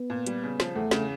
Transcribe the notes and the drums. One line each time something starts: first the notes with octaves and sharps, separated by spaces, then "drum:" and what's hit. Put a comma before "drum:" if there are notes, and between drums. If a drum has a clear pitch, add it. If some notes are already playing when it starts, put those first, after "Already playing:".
Already playing: B3
A#2
G3, drum: hi-hat
C#3
F3, drum: snare
E2 A3
C#3, drum: snare